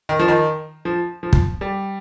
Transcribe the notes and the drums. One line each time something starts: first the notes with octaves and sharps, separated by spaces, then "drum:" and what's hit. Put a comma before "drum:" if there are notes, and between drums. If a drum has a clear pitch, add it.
D#3
F3
D#3
F3
F3
drum: kick
G3